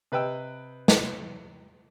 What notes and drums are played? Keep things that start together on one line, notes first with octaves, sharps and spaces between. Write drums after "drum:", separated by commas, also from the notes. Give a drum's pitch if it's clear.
C3 B4 D#5 G5 E6
drum: snare